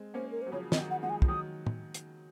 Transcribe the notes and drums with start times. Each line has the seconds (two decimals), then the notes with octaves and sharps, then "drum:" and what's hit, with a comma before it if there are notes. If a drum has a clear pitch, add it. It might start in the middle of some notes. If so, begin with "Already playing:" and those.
Already playing: G#3 C4
0.14 A#3 C#4 C5
0.31 A#4
0.42 F#3 C5
0.52 C#3 F3 C#5
0.72 D#5, drum: snare
0.77 D#3 F#3
0.91 F#5
1.03 F3 G#3 F#5
1.10 G#5
1.22 F3, drum: kick
1.28 D#3 F#3 D#6
1.67 drum: tom
1.94 drum: hi-hat